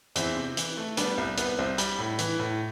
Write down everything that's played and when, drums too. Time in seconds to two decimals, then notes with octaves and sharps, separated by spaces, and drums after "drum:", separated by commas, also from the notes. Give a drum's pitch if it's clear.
0.16 E2 C4 E4, drum: hi-hat
0.37 C3
0.57 E3, drum: hi-hat
0.77 A3
0.97 G3 B3 D4, drum: hi-hat
1.18 C2
1.37 C2 B3, drum: hi-hat
1.59 C2 C4
1.78 G3, drum: hi-hat
1.98 A2
2.19 E3, drum: hi-hat
2.39 A2